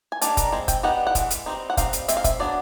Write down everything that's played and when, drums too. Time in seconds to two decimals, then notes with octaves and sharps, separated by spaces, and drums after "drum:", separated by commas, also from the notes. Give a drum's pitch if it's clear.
0.12 G#5
0.21 D#3 G3 A#3 D4 A5, drum: hi-hat
0.37 A#5, drum: kick, hi-hat
0.52 G#3 C4
0.68 G5, drum: kick, hi-hat
0.83 G3 B3 D#4 F#5
1.07 F#5
1.15 E3 G#3, drum: kick, hi-hat
1.30 drum: hi-hat
1.46 G3 C4 D#4
1.70 F#5
1.77 G3 C4 D#4 F5, drum: kick, hi-hat
1.93 drum: hi-hat
2.08 G#3 C4 E5, drum: hi-hat
2.17 F5
2.24 E5, drum: kick, hi-hat
2.39 F#3 B3 D4 D5